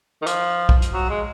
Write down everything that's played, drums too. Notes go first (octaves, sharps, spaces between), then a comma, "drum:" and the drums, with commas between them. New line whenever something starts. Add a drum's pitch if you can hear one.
D#3
F3, drum: hi-hat
drum: kick
drum: hi-hat
F#3
G#3